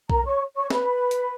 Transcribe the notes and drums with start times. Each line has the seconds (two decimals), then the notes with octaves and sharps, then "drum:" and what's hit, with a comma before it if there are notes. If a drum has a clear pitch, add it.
0.10 A#4 A#5, drum: kick B1
0.26 C#5 C#6
0.56 C#5 C#6
0.70 B4 B5, drum: snare
1.11 drum: hi-hat